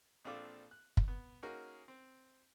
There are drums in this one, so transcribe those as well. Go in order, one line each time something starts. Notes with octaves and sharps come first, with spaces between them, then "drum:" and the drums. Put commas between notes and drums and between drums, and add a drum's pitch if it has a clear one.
A#1 C4 D4 F4 A4 D6
F#6
drum: kick F#1
B3
A#3 C#4 D#4 F#4 G#4 A#4
C4